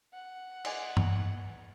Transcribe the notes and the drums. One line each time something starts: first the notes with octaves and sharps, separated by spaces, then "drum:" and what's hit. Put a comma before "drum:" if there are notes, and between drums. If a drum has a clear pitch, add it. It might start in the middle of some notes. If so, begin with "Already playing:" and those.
F#5
G#3 D5 G#5, drum: cymbal
drum: tom G2